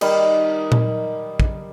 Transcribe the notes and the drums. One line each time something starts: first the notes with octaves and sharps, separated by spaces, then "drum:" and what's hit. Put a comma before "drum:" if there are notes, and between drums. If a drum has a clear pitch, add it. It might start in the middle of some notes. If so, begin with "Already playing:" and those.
D#3 G3 D#5, drum: cymbal
drum: tom A#2
drum: kick